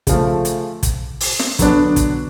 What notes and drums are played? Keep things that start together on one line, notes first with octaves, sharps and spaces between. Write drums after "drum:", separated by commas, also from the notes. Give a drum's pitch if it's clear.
C#3 F3 A3, drum: kick, hi-hat
drum: hi-hat
drum: kick, hi-hat
drum: open hi-hat
drum: snare
D3 F#3 B3 D4, drum: kick, hi-hat
drum: kick, hi-hat